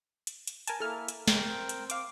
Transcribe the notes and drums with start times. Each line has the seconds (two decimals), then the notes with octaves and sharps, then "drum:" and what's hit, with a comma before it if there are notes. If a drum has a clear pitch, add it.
0.27 drum: hi-hat
0.47 drum: hi-hat
0.67 A#4 G#5 A5, drum: hi-hat
0.80 A#3 E4 A4 F6
1.08 drum: hi-hat
1.28 C#3 G#3 A3 A#4 G5, drum: snare
1.44 C4
1.69 drum: hi-hat
1.90 F5 D6, drum: hi-hat